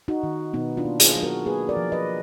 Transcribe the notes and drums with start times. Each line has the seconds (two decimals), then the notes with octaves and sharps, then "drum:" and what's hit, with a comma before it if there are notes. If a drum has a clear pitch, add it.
0.08 D#4 F#4
0.23 D#3
0.54 B2 B3 D#4
0.77 D4 F4
0.85 A#3
1.00 F4 G#4, drum: hi-hat
1.16 F#3
1.23 F#4 A#4
1.46 A#3 G#4 B4
1.69 A#4 D5
1.77 F3
1.92 B4 D#5